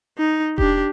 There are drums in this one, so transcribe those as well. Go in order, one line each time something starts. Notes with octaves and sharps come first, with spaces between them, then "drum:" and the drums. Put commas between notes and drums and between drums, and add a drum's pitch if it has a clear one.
D#4
D4 G4, drum: kick E1